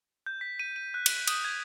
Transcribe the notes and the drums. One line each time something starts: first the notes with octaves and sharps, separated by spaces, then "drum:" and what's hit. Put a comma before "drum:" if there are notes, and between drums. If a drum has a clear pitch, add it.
G6
B6
D#7
D#7
F#6
drum: cymbal
D#6, drum: cymbal
G#6